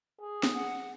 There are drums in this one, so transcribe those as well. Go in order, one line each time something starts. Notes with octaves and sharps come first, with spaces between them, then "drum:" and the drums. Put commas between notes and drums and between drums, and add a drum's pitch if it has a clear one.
G#4
drum: snare
F#5